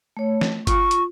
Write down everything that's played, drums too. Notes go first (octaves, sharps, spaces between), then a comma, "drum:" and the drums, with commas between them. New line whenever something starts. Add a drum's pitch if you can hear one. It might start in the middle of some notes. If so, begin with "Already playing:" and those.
A3 C#5
drum: snare
F4 C#6, drum: kick G1, hi-hat
drum: hi-hat